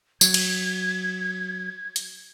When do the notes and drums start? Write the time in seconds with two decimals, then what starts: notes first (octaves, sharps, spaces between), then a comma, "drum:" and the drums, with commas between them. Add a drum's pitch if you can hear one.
0.21 F#3 G#6, drum: tambourine
0.34 drum: cymbal
1.96 drum: hi-hat